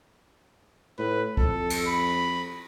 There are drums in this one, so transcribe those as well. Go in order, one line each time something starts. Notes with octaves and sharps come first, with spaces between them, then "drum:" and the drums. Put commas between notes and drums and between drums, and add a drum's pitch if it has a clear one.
A2 B4
F2 A4, drum: kick C2
drum: cymbal
B5